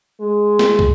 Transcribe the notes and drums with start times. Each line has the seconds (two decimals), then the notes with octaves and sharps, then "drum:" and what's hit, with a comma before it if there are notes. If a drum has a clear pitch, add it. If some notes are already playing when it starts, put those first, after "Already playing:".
0.20 G#3
0.59 drum: snare
0.79 drum: kick